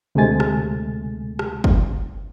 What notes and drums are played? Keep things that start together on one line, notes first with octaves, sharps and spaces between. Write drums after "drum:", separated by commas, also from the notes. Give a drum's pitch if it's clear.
D2 C3 G#3 A3 G#5 A6
drum: rim click
drum: rim click
drum: kick